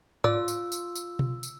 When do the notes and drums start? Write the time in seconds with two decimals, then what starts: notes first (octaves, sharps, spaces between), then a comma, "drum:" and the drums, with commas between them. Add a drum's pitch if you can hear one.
0.24 F4 D5 E6, drum: tom G#2
0.48 drum: tambourine
0.72 drum: tambourine
0.95 drum: tambourine
1.19 drum: tom B2
1.43 drum: tambourine